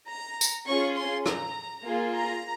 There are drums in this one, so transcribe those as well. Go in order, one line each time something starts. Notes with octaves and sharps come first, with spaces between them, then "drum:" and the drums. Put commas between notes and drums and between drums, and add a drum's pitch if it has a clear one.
A#5
drum: tambourine
C#4 F4 G#4 C#6
C6
A#5, drum: rim click
A#3 F4 G#4
A#5